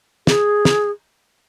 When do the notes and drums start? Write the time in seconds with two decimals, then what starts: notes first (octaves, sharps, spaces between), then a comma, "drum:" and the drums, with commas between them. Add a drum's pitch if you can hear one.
0.27 G#4, drum: snare
0.65 drum: snare